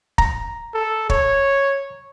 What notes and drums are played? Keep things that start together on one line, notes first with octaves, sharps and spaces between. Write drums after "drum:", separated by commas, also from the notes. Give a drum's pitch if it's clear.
A#5, drum: kick
A4
C#5, drum: kick